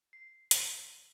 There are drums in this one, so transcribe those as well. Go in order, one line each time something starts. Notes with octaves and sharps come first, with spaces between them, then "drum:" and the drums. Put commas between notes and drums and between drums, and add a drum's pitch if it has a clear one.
C7
drum: hi-hat